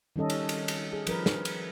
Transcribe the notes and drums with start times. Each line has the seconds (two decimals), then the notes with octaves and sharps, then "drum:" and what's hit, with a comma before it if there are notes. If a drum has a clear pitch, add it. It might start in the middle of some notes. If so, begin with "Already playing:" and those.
0.16 D#3 G3 C#4 A4 D#5
0.30 drum: cymbal
0.49 drum: cymbal
0.68 drum: cymbal
0.93 G#4
1.07 F3 A#4 B4, drum: cymbal
1.26 drum: snare
1.45 drum: cymbal